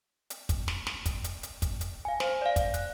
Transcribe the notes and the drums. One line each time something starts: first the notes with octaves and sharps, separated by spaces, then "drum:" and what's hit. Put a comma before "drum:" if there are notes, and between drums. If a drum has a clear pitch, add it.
drum: hi-hat
drum: kick, hi-hat
drum: snare
drum: snare
drum: kick, hi-hat
drum: hi-hat
drum: hi-hat
drum: kick, hi-hat
drum: hi-hat
F5 G#5
C5, drum: snare
D5 F5
F5, drum: kick, hi-hat
F#6, drum: hi-hat